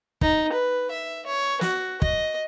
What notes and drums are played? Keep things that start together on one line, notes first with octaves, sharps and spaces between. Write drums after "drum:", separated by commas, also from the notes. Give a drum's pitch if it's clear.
D#4, drum: kick
B4
E5
C#5
F#4, drum: snare
D#5, drum: kick